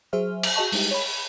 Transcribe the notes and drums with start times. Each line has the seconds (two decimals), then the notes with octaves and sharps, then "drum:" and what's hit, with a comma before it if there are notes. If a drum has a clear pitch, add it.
0.13 F#3 G#4 C5 E5 F6
0.43 drum: cymbal
0.56 F#4 G#4 D#5 A5 C#6
0.72 G3 G#3 D#4 E4 G4, drum: open hi-hat
0.91 C#5 B5